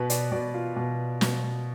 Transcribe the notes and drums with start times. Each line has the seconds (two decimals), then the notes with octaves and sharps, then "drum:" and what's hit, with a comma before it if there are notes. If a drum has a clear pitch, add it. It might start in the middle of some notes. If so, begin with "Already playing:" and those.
Already playing: B2 B4
0.10 D5, drum: hi-hat
0.32 B2 D5
0.54 F4
0.76 B2
1.21 B2, drum: snare